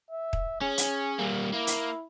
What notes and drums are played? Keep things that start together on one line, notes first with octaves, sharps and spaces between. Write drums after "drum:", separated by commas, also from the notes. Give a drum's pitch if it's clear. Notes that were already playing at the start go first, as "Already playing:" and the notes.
E5
drum: kick
C#4 G#4
drum: hi-hat
G3 A#3
A#3 E4
drum: hi-hat